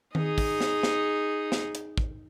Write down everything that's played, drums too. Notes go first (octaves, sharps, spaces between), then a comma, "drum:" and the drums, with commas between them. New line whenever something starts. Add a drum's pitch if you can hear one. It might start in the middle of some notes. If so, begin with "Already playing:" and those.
D#4 G#4, drum: tom D#3
drum: kick, open hi-hat
drum: snare
drum: snare
drum: snare
drum: hi-hat
drum: kick